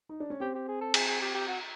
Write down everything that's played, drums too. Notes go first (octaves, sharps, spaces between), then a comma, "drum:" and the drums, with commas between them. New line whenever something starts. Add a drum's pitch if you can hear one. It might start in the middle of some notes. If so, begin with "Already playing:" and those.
D#4
D4
C#4
C4 G4
G4
G#4
A4
G#4, drum: cymbal
G#4
G4
G4
F#4